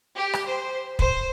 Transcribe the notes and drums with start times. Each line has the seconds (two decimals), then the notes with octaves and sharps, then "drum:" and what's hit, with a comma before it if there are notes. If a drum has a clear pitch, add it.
0.16 G4
0.33 drum: rim click
0.46 C5
0.99 C5, drum: kick